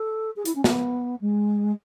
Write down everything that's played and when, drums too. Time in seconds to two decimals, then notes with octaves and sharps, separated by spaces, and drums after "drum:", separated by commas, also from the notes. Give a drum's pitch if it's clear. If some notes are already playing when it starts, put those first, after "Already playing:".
Already playing: A4
0.36 G#4
0.45 E4, drum: hi-hat
0.55 C#4
0.64 B3, drum: snare
1.21 G#3